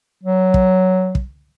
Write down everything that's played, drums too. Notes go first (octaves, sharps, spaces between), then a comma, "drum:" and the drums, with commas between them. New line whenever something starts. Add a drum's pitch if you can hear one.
F#3
drum: kick
drum: kick